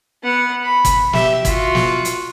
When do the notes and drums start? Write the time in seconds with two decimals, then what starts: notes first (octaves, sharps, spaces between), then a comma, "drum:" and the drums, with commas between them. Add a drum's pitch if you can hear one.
0.23 B3 F#5
0.63 B5
0.85 drum: kick, hi-hat
1.13 G4 E5, drum: snare
1.45 F4 F#4, drum: kick, hi-hat
1.75 drum: snare
2.05 drum: hi-hat